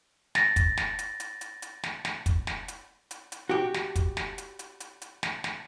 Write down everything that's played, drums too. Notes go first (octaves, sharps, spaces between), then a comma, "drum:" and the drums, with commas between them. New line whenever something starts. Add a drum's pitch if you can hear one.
A6 A#6, drum: snare
drum: kick, hi-hat
drum: snare
drum: hi-hat
drum: hi-hat
drum: hi-hat
drum: hi-hat
drum: snare
drum: snare
drum: kick, hi-hat
drum: snare
drum: hi-hat
drum: hi-hat
drum: hi-hat
F#4 G4
drum: snare
drum: kick, hi-hat
drum: snare
drum: hi-hat
drum: hi-hat
drum: hi-hat
drum: hi-hat
drum: snare
drum: snare